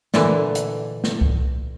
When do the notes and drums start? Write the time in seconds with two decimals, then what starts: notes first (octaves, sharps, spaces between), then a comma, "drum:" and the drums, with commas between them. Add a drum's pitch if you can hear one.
0.14 A#2 D3 E3, drum: snare
0.55 drum: hi-hat
1.04 drum: snare
1.21 drum: kick C2